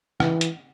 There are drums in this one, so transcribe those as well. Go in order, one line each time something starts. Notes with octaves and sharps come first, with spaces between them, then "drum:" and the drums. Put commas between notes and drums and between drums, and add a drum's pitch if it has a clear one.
E3, drum: rim click
drum: hi-hat